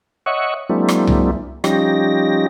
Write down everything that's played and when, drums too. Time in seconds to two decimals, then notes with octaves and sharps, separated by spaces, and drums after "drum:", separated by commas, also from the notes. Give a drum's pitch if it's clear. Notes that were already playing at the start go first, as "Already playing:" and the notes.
0.26 C#5 D#5 E5 F#5 C#6
0.70 F#3 G#3 A#3 C4 D4 E4
0.88 drum: rim click
1.07 drum: tom C2
1.64 F3 G3 C#4 D#4 G4 A#6, drum: rim click